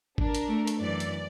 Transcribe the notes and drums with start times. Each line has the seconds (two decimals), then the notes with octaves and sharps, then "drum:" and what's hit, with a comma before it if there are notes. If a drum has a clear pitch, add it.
0.18 D4 A#4, drum: kick G#1
0.35 drum: hi-hat
0.47 A3
0.67 drum: hi-hat
0.78 F#2 E3 D5
1.00 drum: hi-hat